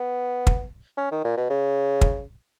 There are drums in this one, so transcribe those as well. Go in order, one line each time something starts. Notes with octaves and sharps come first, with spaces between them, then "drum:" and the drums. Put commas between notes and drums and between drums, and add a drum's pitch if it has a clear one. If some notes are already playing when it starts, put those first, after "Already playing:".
Already playing: B3
drum: kick
C#4
D#3
A#2
B2
C#3
drum: kick